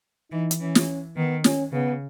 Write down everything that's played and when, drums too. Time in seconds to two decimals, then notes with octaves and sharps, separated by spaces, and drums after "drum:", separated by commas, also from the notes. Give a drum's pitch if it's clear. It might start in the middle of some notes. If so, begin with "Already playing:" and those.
0.32 E3 D#4
0.51 drum: hi-hat
0.60 E3 C#4
0.75 drum: snare
1.16 D#3 B3
1.44 C#4, drum: snare
1.72 C#3 B3